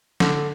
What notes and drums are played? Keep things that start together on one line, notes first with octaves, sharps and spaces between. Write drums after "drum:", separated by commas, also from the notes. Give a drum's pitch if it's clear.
D3, drum: snare